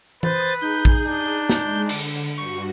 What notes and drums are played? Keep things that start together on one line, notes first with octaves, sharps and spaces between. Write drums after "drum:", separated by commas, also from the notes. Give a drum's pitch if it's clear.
B4 C5 D#6 A6, drum: tom E3
D#4 G#4 G6
drum: kick
D4
G#3, drum: snare
D3, drum: cymbal
G2 F#4 C#6